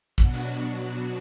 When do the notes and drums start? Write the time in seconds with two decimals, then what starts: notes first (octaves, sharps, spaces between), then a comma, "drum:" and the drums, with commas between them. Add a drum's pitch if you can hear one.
0.18 B2 F#3 B3 D4 F#4, drum: kick
0.33 drum: cymbal